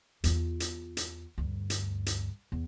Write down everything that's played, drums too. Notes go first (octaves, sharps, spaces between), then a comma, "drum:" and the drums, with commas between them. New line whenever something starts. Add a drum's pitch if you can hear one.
E2 F4, drum: hi-hat
drum: hi-hat
drum: hi-hat
D2 G2
drum: hi-hat
drum: hi-hat
E2